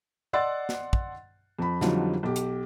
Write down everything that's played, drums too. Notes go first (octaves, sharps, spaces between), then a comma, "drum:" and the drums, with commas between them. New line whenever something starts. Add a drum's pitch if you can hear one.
D5 D#5 F#5 C6 E6 A6
drum: snare
drum: kick
F2 B5
F2 D3 F#3 G3 D#4 F4, drum: snare
B1 G4
drum: hi-hat